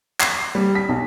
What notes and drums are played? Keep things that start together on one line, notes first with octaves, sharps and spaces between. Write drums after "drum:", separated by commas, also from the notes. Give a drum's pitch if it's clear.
C7, drum: clap
G3
B6
B1